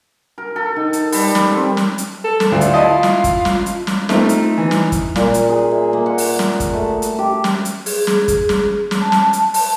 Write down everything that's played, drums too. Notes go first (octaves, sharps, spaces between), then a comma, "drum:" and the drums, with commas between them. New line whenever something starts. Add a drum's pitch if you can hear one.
A#4
A4
D#3
drum: hi-hat
G3, drum: open hi-hat
drum: snare
C4
drum: snare
drum: hi-hat
A4
drum: snare
D2 F4
drum: hi-hat
E4 D#5 A5
drum: snare
drum: kick, hi-hat
drum: snare
drum: hi-hat
drum: snare
A3 C4 D#4 F4, drum: snare
drum: hi-hat
E3
drum: snare
drum: kick, hi-hat
A#2, drum: snare
drum: hi-hat
G#4
E5
A#3
F#5
drum: open hi-hat
drum: snare
drum: kick, hi-hat
A3
drum: hi-hat
G4
drum: snare
drum: hi-hat
G#4, drum: open hi-hat
drum: snare
drum: kick, hi-hat
drum: snare
drum: snare
A5
drum: snare
drum: hi-hat
drum: open hi-hat